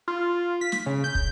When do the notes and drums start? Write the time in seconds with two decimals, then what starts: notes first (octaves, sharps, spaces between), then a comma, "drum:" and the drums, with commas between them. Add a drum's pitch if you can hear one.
0.08 F4
0.61 B6
0.72 drum: snare
0.86 C#3
1.04 G6
1.15 drum: kick